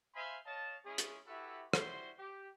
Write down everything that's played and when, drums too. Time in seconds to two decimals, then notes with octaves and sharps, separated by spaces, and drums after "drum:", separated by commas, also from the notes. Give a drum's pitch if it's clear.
0.15 C5 E5 F5 G#5 B5 C6
0.46 C#5 D#5 F5 A5
0.85 G#3 C#4 E4 G#4
0.98 drum: hi-hat
1.27 E4 F#4 G4 A4 B4 E5
1.73 G3 E4 F#4 C5 C6, drum: rim click
2.19 G4